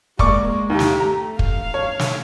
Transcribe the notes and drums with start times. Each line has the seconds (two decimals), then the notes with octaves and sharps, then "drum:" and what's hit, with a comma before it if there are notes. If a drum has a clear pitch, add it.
0.19 G#3 A#3 D5 C#6 D6, drum: kick
0.70 D#2 E4 G4
0.79 drum: snare
1.00 A3 A#5
1.39 F5, drum: kick
1.74 C#5
1.99 drum: snare